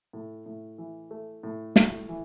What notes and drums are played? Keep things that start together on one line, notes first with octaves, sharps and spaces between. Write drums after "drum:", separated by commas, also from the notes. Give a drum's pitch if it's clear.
A2
A2
E3
A3
A2
A2, drum: snare
E3